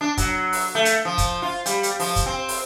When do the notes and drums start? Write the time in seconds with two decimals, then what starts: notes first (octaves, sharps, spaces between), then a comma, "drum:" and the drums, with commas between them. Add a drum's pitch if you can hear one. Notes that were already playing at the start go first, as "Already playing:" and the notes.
0.01 D4
0.17 F#3, drum: kick, hi-hat
0.53 drum: open hi-hat
0.75 A3
0.85 drum: hi-hat
1.05 F3
1.18 drum: kick, hi-hat
1.42 F4
1.66 G3, drum: hi-hat
1.83 drum: hi-hat
2.00 F3, drum: open hi-hat
2.16 drum: kick, hi-hat
2.26 C4
2.49 drum: open hi-hat